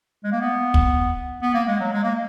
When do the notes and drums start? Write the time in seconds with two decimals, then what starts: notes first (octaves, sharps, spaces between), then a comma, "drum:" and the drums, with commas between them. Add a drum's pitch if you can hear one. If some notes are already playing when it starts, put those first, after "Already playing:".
0.24 G#3
0.32 A#3
0.40 B3
0.74 drum: kick
1.42 B3
1.54 A#3
1.67 G#3
1.80 F#3
1.92 G#3
2.03 A#3